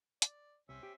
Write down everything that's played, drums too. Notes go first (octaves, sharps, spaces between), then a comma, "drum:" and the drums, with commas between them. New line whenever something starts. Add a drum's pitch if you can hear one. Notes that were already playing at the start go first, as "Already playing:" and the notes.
D5, drum: hi-hat
C2 C4 C#4 E5
G4